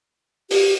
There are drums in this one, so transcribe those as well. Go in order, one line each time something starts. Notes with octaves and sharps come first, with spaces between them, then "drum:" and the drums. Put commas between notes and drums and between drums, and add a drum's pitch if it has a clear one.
G4, drum: open hi-hat